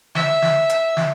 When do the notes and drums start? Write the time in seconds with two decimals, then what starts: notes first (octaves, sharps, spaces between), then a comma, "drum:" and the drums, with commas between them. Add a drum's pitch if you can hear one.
0.15 E5, drum: snare
0.42 drum: snare
0.70 drum: hi-hat
0.97 drum: snare